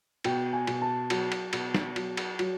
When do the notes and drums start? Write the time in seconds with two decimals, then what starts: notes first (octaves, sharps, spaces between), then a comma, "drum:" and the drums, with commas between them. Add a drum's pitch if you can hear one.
0.24 B2 G5, drum: cymbal
0.53 G#5
0.67 B2, drum: cymbal
0.82 A5
1.10 F#3, drum: cymbal
1.32 drum: cymbal
1.53 B2, drum: cymbal
1.75 drum: snare
1.96 F#3, drum: cymbal
2.17 drum: cymbal
2.39 F#3, drum: cymbal